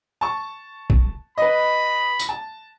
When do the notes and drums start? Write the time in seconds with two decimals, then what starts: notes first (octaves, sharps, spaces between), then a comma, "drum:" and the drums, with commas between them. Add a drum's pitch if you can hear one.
0.21 A5 C#6
0.90 drum: kick
1.38 B4 D#5 B5
2.19 drum: tambourine
2.29 A5